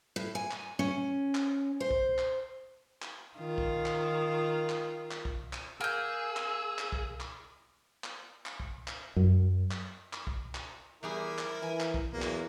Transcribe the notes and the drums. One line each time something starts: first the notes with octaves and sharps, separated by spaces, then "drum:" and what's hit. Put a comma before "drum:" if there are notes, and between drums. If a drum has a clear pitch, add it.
A2
G#5
drum: clap
C#4
drum: clap
C5
drum: kick
drum: clap
drum: clap
D#3 F4
drum: kick
drum: clap
drum: clap
drum: clap
drum: kick
drum: clap
A#3 G#4 E6 G6
drum: clap
drum: clap
drum: kick
drum: clap
drum: clap
drum: clap
drum: kick
drum: clap
F#2
drum: clap
drum: clap
drum: kick
drum: clap
E2 G3 E4 G#4 A#4
drum: clap
E3 G#5
drum: clap
drum: kick
E2 F#3 A#3
drum: clap